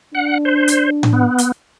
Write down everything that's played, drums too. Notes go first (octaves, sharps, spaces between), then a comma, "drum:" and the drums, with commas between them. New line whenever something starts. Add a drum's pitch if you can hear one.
D4 F#5
C5
drum: hi-hat
drum: tom A2
B3
drum: hi-hat